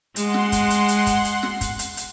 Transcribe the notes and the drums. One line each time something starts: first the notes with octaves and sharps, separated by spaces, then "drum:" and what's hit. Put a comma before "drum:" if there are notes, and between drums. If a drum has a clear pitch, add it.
G#3 F#5 C6, drum: hi-hat
drum: snare
drum: kick, hi-hat
drum: hi-hat
drum: hi-hat
drum: kick, hi-hat
drum: hi-hat
drum: snare
drum: kick, hi-hat
drum: hi-hat
drum: hi-hat